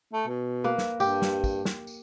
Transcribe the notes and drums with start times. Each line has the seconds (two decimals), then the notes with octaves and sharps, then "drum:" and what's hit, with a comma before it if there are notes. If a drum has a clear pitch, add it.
0.13 A3
0.27 B2
0.64 A#3 B4
0.78 drum: snare
1.00 G2 G4, drum: tambourine
1.22 drum: snare
1.44 drum: kick, tambourine
1.65 drum: snare
1.87 drum: tambourine